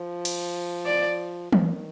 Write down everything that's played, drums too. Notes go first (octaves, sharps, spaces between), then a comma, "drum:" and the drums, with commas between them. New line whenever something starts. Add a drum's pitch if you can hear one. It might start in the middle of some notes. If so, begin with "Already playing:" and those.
Already playing: F3
drum: cymbal
D5
D#3, drum: tom E3